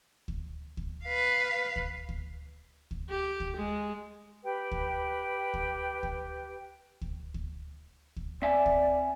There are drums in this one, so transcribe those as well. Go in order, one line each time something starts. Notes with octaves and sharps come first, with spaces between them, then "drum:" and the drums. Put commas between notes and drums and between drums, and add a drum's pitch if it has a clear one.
drum: kick
drum: kick
B4 F5
drum: kick
drum: kick
drum: kick
G4
drum: kick
G#3
G4 B4 G5
drum: kick
drum: kick
drum: kick
drum: kick
drum: kick
drum: kick
C4 D5 E5 G#5
drum: kick